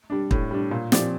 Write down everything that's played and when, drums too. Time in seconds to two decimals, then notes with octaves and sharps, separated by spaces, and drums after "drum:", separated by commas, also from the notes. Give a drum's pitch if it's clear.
0.10 G3 D4
0.31 A2, drum: kick
0.51 G3 D4
0.71 A#2
0.92 F3 C4 G4 D5, drum: snare